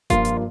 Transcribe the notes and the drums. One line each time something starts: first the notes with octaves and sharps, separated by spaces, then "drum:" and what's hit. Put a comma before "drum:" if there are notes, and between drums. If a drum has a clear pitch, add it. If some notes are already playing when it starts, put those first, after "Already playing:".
G2 F3 A#3 F4, drum: kick F1, hi-hat
drum: hi-hat